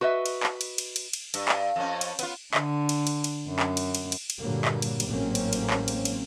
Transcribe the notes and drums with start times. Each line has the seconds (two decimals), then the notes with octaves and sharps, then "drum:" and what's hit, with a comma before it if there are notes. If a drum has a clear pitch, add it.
0.01 F#4 B4 D#5 E5
0.26 drum: cymbal
0.43 drum: clap
0.61 drum: cymbal
0.78 drum: cymbal
0.96 drum: cymbal
1.13 drum: cymbal
1.34 G2, drum: cymbal
1.49 drum: clap
1.76 F2 C#4
2.01 drum: cymbal
2.19 B3 F4, drum: cymbal
2.54 D3, drum: clap
2.89 drum: cymbal
3.07 drum: cymbal
3.24 drum: cymbal
3.49 F#2
3.59 drum: clap
3.77 drum: cymbal
3.95 drum: cymbal
4.12 drum: cymbal
4.30 drum: cymbal
4.40 G2 A#2 D3 F#3 G3 A#3
4.65 drum: clap
4.82 drum: cymbal
5.00 drum: cymbal
5.10 A1 G#2 F#3 A#3 C4 C#4
5.35 drum: cymbal
5.53 drum: cymbal
5.70 drum: clap
5.88 drum: cymbal
6.05 drum: cymbal